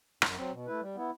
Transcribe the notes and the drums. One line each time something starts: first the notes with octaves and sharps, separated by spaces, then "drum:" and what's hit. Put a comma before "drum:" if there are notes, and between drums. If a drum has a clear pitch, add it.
F#2, drum: rim click
F#3 C4
B2
A3 E4 B4
G3
B3 E4